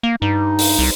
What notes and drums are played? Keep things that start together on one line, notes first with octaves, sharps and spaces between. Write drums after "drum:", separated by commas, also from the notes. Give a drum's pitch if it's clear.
A#3
G2 D#4
drum: open hi-hat
C2